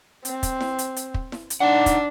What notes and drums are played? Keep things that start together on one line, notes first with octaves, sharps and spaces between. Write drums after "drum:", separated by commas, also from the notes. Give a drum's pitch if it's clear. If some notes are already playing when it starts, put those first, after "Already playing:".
C4, drum: hi-hat
drum: kick, hi-hat
drum: snare E4
drum: hi-hat
drum: hi-hat
drum: kick
drum: snare E4
drum: hi-hat
D4 D#4 F#5
drum: kick, hi-hat